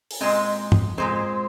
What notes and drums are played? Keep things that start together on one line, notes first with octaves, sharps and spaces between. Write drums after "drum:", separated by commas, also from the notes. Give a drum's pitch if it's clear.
drum: open hi-hat
A#2 G#3 C4 D#5
drum: tom
A#2 G#3 C4 C5